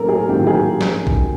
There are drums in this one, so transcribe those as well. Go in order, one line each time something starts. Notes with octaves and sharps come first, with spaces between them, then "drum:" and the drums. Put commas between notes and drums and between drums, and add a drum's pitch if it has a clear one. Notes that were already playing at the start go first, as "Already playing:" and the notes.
Already playing: A1 F#3 A#3 A4 A#4
G#4
A1 G#2 D#3 F#3 A#3 G4
G#4
G4
drum: snare
drum: kick